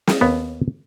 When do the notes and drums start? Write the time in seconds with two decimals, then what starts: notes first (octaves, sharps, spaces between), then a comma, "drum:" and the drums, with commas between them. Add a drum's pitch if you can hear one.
0.07 drum: snare
0.21 D#2 B3